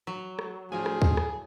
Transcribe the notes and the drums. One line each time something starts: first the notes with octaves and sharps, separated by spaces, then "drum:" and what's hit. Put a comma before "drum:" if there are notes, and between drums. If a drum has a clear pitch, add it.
F#3
drum: rim click
D2 A2 F3 G#4 G#5
drum: rim click
drum: kick
drum: rim click